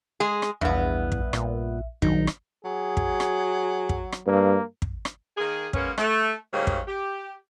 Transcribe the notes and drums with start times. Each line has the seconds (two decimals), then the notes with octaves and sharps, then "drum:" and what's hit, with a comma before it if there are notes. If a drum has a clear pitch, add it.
0.20 G#3 G#4
0.42 drum: rim click
0.61 A#1 E2 G2 B3 E5
1.12 drum: kick
1.33 A#2, drum: rim click
2.02 A#1 D#3 F#3 D#4, drum: kick
2.27 drum: rim click
2.65 F#3 G#4
2.97 drum: kick
3.20 drum: rim click
3.89 drum: kick
4.12 drum: rim click
4.27 G2 A#3
4.82 drum: kick
5.05 drum: rim click
5.37 D#3 A#3 G#4
5.73 G#3 A#3 B3 C#4, drum: kick
5.98 A3, drum: rim click
6.52 G#2 C#3 F#3 G3 A#3
6.67 drum: kick
6.86 G4